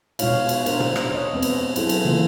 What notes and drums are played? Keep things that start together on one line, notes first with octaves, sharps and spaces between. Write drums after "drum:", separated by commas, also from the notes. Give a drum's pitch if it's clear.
B2 G#3 D#4 F4 C#5 F5, drum: cymbal
drum: cymbal
D4 A#4 C5, drum: cymbal
drum: tom
drum: rim click
C#5 D#5
G#3 B3 C4 B4
drum: cymbal
F#3 E4 G#4 A4, drum: cymbal
drum: cymbal
C#3 E3 A#3 F4